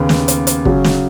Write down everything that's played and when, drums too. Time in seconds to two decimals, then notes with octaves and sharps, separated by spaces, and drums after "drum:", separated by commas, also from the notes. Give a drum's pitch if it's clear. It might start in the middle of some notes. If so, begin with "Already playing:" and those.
Already playing: D#2 C#3 B3
0.09 drum: snare
0.28 drum: hi-hat
0.47 drum: hi-hat
0.65 C#3 F#3 C#4, drum: kick
0.84 drum: snare